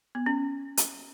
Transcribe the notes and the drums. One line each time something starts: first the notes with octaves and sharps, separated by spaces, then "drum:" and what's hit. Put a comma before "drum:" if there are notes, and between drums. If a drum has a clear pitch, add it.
B3
C#4
drum: hi-hat